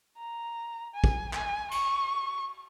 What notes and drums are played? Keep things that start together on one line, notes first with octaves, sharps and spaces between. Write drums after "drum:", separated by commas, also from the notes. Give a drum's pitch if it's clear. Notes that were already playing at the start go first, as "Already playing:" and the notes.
A#5
G#5
drum: kick
G#5, drum: clap
C#6, drum: cymbal